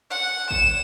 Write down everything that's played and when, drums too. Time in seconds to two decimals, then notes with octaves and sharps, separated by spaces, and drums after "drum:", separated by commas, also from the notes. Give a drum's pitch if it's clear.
0.11 F#5
0.51 E7, drum: kick A1